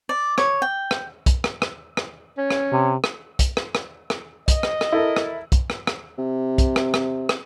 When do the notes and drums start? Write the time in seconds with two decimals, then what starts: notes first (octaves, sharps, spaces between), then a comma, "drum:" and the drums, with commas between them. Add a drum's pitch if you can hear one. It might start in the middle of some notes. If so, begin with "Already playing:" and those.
0.09 D5
0.38 C#5, drum: rim click
0.62 G5
0.91 drum: rim click
1.26 drum: kick, hi-hat
1.44 drum: rim click
1.62 drum: rim click
1.97 drum: rim click
2.37 C#4
2.50 drum: rim click
2.72 C3
3.04 drum: rim click
3.39 drum: kick, hi-hat
3.57 drum: rim click
3.75 drum: rim click
4.10 drum: rim click
4.48 D#5, drum: kick, hi-hat
4.63 drum: rim click
4.81 drum: rim click
4.92 E4 A4 A#4
5.16 drum: rim click
5.52 drum: kick, hi-hat
5.70 drum: rim click
5.87 drum: rim click
6.18 C3
6.58 drum: kick, hi-hat
6.76 drum: rim click
6.94 drum: rim click
7.29 drum: rim click